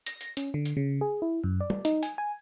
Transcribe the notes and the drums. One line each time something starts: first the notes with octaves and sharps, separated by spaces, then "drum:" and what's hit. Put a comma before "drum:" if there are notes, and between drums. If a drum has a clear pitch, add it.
A#6, drum: hi-hat
drum: hi-hat
C#4, drum: hi-hat
D3
drum: hi-hat
C#3
G#4
E4
F#2
D5
drum: tom
D#4, drum: hi-hat
G#5, drum: hi-hat
G#5